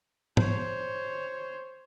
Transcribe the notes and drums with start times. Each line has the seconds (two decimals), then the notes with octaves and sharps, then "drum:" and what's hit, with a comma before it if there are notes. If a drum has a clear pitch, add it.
0.37 C5 C#5, drum: tom G#2